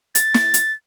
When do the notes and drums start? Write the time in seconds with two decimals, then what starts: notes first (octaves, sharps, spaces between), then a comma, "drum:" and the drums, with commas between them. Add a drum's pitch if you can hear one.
0.15 A6, drum: hi-hat
0.34 drum: snare
0.54 drum: hi-hat